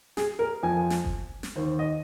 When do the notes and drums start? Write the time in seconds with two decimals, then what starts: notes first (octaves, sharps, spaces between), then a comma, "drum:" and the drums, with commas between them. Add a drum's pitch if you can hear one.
0.17 G#4, drum: snare
0.39 A#4
0.63 F2 F3 G#5
0.90 drum: snare
1.05 drum: kick F#1
1.43 drum: snare
1.55 D#2 D#3 C5
1.79 D#5